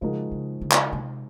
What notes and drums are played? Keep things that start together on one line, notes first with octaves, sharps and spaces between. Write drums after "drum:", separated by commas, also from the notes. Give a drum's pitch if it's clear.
C#3 F3 G#3 D#4 F#4 A#4
C#3
C#3
drum: clap
C3